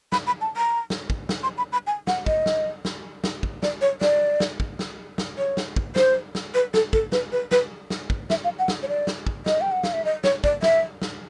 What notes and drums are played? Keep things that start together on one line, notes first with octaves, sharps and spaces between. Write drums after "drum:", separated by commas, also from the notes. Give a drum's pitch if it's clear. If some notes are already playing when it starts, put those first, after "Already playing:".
B5, drum: snare
B5
A5
A#5
drum: snare
drum: kick
drum: snare
C6
B5
B5
G#5
F#5, drum: snare
D#5, drum: kick
drum: snare
drum: snare
drum: snare
drum: kick
D5, drum: snare
C#5
D5, drum: snare
drum: snare
drum: kick
drum: snare
drum: snare
C#5
drum: snare
drum: kick
C5, drum: snare
drum: snare
B4
A4, drum: snare
A4, drum: kick
B4, drum: snare
B4
B4, drum: snare
drum: snare
drum: kick
E5, drum: snare
F5
F#5
drum: snare
C#5
D5
drum: snare
drum: kick
D#5, drum: snare
G5
F#5
F5, drum: snare
E5
D#5
C#5, drum: snare
D5, drum: kick
E5, drum: snare
drum: snare